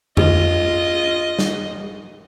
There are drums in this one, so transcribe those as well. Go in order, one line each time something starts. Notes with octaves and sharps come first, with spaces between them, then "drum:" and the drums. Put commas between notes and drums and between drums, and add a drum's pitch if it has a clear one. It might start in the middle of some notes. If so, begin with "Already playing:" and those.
F4 D#5, drum: tom F2
drum: snare